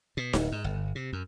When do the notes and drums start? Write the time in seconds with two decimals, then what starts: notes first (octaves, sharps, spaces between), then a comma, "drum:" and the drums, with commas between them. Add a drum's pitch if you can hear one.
0.17 B2
0.33 D1, drum: snare D#4
0.52 G#2
0.64 G1
0.95 C3
1.13 F#2